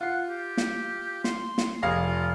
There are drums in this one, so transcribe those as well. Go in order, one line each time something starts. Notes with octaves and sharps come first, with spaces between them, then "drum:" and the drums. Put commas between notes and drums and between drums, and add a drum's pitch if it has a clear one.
F4 F#5 C7
G4
drum: snare
C6, drum: snare
drum: snare
F1 G#4 F5 A#6
F4